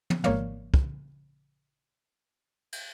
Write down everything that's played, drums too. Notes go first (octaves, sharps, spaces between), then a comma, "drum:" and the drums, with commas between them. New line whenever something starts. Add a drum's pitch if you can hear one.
drum: tom
G#1 A#3 C#5 D5 F5, drum: tom
drum: kick
drum: cymbal